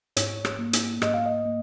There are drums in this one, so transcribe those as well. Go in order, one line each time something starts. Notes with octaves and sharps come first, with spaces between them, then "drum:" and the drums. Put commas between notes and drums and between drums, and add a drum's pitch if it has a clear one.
G#2 C#5, drum: hi-hat
drum: rim click
A#3
drum: hi-hat
G#2 D#5, drum: rim click
F5
D#5
A#3